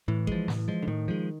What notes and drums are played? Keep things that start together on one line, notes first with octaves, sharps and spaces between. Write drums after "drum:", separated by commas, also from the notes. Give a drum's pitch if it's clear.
A2 E3
F3 G#3, drum: kick A1
A2, drum: snare
F3 G#3
D3
A2 D#3
F3 G#3